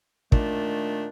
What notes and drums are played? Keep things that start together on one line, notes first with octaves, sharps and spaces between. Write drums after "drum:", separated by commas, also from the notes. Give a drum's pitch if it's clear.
A#2 D#3 A3 D4, drum: kick